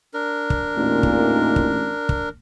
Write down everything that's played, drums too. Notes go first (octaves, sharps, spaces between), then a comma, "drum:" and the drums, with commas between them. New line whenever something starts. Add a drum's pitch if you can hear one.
D4 A#4
drum: kick
A1 E2 A#2 D#4
drum: kick
drum: kick
drum: kick